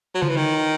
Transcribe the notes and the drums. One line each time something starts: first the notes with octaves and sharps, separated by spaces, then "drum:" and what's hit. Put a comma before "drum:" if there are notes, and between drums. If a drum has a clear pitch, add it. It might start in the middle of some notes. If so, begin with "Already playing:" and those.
F#3
F3, drum: tom C#3
E3
D#3